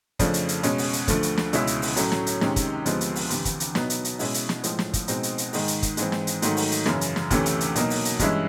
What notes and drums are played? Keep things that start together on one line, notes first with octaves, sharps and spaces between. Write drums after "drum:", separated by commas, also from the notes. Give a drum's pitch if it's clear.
F2 C#3 F3 A3 D4, drum: kick, hi-hat
drum: hi-hat
drum: hi-hat
B2 G#3 C#4, drum: hi-hat
drum: open hi-hat
drum: hi-hat
D2 D3 F3 A3, drum: kick, hi-hat
drum: hi-hat
drum: snare
C#2 B2 G#3 C#4 E4, drum: hi-hat
drum: hi-hat
drum: open hi-hat
A2 F#3 A3 C#4, drum: hi-hat
drum: snare
drum: hi-hat
C3 D#3 G#3 C#4, drum: snare
drum: kick, hi-hat
D2 C3 F3 G#3 B3, drum: hi-hat
drum: hi-hat
drum: open hi-hat
D2 C3 E3, drum: hi-hat
drum: kick, hi-hat
drum: hi-hat
B2 F#3 B3 D#4, drum: snare
drum: hi-hat
drum: hi-hat
B2 G#3 C#4 E4, drum: open hi-hat
drum: hi-hat
drum: snare
A2 F3 G#3, drum: hi-hat
drum: snare
drum: kick, hi-hat
B2 G#3 C4 D#4, drum: hi-hat
drum: hi-hat
drum: hi-hat
G#2 D#3 G#3, drum: open hi-hat
drum: hi-hat
drum: kick, hi-hat
G#2 E3 G#3 C4, drum: hi-hat
drum: snare
drum: hi-hat
G#2 D#3 F#3 A3, drum: hi-hat
drum: open hi-hat
drum: hi-hat
F#2 C#3 E3, drum: snare
drum: hi-hat
drum: snare
D2 C3 E3 A3 C#4, drum: kick, hi-hat
drum: hi-hat
drum: hi-hat
B2 F#3 A#3 D#4, drum: hi-hat
drum: open hi-hat
drum: hi-hat
G2 E3 G#3 C#4 E4, drum: kick, hi-hat